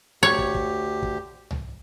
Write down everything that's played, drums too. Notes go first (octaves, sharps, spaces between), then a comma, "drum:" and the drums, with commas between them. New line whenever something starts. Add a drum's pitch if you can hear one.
D2 G4 C#5
drum: kick
drum: kick
drum: kick
drum: tom C2